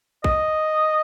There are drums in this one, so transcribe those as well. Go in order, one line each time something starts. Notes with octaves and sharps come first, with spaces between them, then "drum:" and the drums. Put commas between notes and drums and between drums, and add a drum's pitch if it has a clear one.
D#5, drum: kick